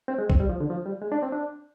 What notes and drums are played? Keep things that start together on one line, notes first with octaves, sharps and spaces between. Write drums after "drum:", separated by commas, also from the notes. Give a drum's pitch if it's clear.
C4
G#3
C4, drum: kick A#1
G3
F3
D3
F3
G3
G#3
D4
C4
D4